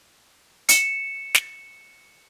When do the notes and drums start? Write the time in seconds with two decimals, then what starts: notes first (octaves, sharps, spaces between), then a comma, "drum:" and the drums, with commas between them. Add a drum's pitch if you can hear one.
0.69 C#7 E7, drum: hi-hat
1.35 drum: snare